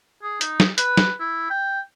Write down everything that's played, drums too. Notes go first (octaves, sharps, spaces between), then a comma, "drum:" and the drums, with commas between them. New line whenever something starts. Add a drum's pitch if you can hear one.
G#4
D#4, drum: hi-hat
drum: snare
B4, drum: hi-hat
drum: snare
E4
G5